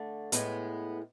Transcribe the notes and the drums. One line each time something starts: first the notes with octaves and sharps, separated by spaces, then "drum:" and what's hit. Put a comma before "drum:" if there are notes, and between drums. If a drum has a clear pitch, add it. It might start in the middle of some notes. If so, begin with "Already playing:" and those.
Already playing: D3 A3
A2 G#3 B3, drum: hi-hat